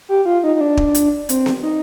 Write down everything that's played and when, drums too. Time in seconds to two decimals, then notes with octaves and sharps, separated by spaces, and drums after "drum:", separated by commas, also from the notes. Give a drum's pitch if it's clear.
0.09 G4
0.26 F4
0.43 D#4
0.56 D#4
0.61 D4
0.77 drum: kick
0.95 drum: hi-hat
1.29 C4, drum: hi-hat
1.46 drum: snare B3
1.63 D#4